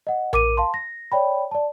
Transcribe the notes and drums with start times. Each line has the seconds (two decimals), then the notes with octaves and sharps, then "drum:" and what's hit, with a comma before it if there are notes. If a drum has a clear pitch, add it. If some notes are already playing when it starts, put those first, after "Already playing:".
0.07 D#5 F#5
0.33 A#4 D6 D#7, drum: tom A#1
0.57 F5 A5 C6
0.74 A#6
1.12 C#5 D5 G5 B5
1.51 D5 A5